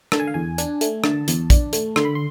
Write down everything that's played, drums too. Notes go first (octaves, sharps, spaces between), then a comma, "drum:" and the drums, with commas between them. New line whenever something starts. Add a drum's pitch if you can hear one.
D3 A5, drum: rim click
G#5
F5
E2 G#5
D4, drum: hi-hat
A3, drum: hi-hat
D3 A5, drum: rim click
E2, drum: hi-hat
D4, drum: kick, hi-hat
A3, drum: hi-hat
D3 C6, drum: rim click
B5
C6